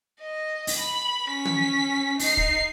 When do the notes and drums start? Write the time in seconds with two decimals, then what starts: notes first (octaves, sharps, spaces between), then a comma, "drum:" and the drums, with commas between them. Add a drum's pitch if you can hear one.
0.21 D#5
0.67 drum: open hi-hat
0.78 B5
1.30 C#4 B6
1.45 drum: tom
2.19 D#4 C7, drum: open hi-hat
2.37 drum: kick